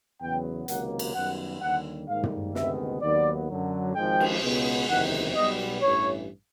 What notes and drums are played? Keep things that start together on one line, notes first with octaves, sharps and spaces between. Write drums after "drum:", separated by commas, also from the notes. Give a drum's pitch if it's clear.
E2 C#3 F#3 B3 G5
C#2 C3 D#3 F#3 A#3 F#5, drum: hi-hat
drum: cymbal
F#2 D#3 G3 B3 F#5
D#2 D3 G3 F#5
G#2 D#3 G3 A#3 F5
drum: tom
D2 C3 D#3 G#3 B3 E5, drum: snare
D#2 D#3 F#3 B3 D5
F#2 D3 F#3
G#1 G#2 F3 G#3 G5
drum: cymbal
C#2 B2 G#3 B3
F#1 E2 C3 D#3 F#5
B1 B2 G3 B3 D#5
A1 G2 E3 C#5